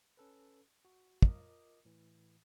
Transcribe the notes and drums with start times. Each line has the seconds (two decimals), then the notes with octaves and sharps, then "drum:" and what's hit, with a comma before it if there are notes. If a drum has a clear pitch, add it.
0.17 C#4 A4 B4
0.85 F#4
1.22 F4 A#4 D#5 D6 D#6, drum: kick
1.85 A2 E3